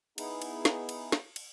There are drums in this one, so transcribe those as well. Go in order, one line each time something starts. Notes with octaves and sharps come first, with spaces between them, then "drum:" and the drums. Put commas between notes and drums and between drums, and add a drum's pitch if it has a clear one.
B3 D#4 E4 G#4, drum: cymbal
drum: cymbal
drum: snare
drum: cymbal
drum: snare
drum: cymbal